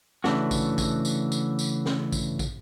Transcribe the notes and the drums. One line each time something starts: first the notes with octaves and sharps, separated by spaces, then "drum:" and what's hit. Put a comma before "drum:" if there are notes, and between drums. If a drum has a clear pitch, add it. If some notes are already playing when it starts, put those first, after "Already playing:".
C#3 E3 A3 D4 F#4, drum: snare
drum: kick, tambourine
drum: kick, tambourine
drum: tambourine
drum: tambourine
drum: tambourine
drum: snare
drum: kick, tambourine
drum: kick, tambourine